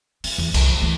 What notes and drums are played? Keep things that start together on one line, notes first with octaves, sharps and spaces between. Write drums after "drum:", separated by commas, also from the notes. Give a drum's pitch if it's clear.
C4, drum: open hi-hat
E2
C2, drum: cymbal
F3
E3 A3